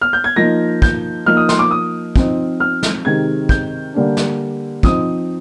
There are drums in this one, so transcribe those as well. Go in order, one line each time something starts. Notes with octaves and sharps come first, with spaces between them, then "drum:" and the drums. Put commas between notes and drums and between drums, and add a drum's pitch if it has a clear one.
F6
G6
G#6
F3 A#3 D#4 A#6
G6, drum: kick
F3 A#3 D#4 F6
D#6
C6, drum: snare
D6
D#6
F3 C4 D#4, drum: kick
F6
drum: snare
C3 D#3 G#3 C4 G#6
G6, drum: kick
D3 G3 A#3 D4
drum: snare
F3 C4 D#4 D#6, drum: kick